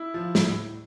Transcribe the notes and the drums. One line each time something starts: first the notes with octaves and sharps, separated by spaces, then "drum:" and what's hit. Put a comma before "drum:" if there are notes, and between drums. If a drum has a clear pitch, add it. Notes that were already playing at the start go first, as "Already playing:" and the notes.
Already playing: E4
F3
A2, drum: snare